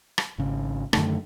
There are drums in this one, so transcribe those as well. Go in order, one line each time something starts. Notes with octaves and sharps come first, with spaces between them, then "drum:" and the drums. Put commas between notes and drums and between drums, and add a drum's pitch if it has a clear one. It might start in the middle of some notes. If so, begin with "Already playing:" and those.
drum: rim click
G#1 C#3
F#2 D3 D#3 A3, drum: rim click